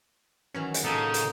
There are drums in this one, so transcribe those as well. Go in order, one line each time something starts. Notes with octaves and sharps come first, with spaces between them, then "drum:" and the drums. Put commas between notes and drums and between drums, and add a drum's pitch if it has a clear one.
D#3 E3 F#3 C#4
drum: hi-hat
A2 C#3 A#3 D#4 A4
drum: hi-hat